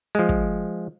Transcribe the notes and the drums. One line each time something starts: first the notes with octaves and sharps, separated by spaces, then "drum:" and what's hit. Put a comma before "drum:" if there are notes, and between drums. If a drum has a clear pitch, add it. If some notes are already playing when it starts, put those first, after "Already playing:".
F3 G#3
drum: kick